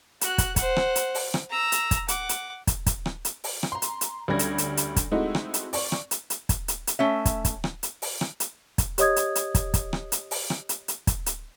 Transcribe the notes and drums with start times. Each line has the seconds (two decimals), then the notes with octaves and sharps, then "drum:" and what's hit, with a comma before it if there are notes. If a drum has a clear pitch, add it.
0.21 F#4 F#6, drum: hi-hat
0.38 drum: kick, hi-hat
0.56 C5 F#5, drum: kick, hi-hat
0.76 drum: rim click
0.96 drum: hi-hat
1.15 drum: open hi-hat
1.34 drum: rim click
1.50 A#5 E6
1.72 drum: hi-hat
1.91 drum: kick, hi-hat
2.08 F#5 D6, drum: hi-hat
2.29 drum: hi-hat
2.67 drum: kick, hi-hat
2.86 drum: kick, hi-hat
3.06 drum: rim click
3.25 drum: hi-hat
3.44 drum: open hi-hat
3.63 drum: rim click
3.72 A#5 C6
3.82 drum: hi-hat
4.01 drum: hi-hat
4.28 D2 G3 C#4 D5 G#6 A#6
4.39 drum: hi-hat
4.58 drum: hi-hat
4.77 drum: hi-hat
4.96 drum: kick, hi-hat
5.11 G#3 A3 C4 D#4 E4 F#4
5.35 drum: rim click
5.54 drum: hi-hat
5.73 D5 C#6, drum: open hi-hat
5.92 drum: rim click
6.11 drum: hi-hat
6.30 drum: hi-hat
6.49 drum: kick, hi-hat
6.68 drum: hi-hat
6.87 drum: hi-hat
6.99 A3 C#4 E5
7.25 drum: kick, hi-hat
7.45 drum: kick, hi-hat
7.64 drum: rim click
7.83 drum: hi-hat
8.02 drum: open hi-hat
8.21 drum: rim click
8.40 drum: hi-hat
8.78 drum: kick, hi-hat
8.98 G4 C#5 D#5 D#6 G#6, drum: hi-hat
9.16 drum: hi-hat
9.35 drum: hi-hat
9.55 drum: kick, hi-hat
9.74 drum: kick, hi-hat
9.93 drum: rim click
10.12 drum: hi-hat
10.31 drum: open hi-hat
10.50 drum: rim click
10.69 drum: hi-hat
10.88 drum: hi-hat
11.07 drum: kick, hi-hat
11.26 drum: hi-hat